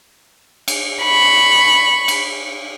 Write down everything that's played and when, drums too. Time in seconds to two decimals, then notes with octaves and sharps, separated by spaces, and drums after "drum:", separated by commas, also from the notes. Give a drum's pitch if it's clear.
0.68 drum: cymbal
1.03 B5 C#6
2.08 drum: cymbal